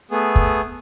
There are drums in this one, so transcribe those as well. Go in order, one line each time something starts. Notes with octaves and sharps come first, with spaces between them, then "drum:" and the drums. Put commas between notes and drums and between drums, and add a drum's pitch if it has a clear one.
A3 B3 G#4
drum: kick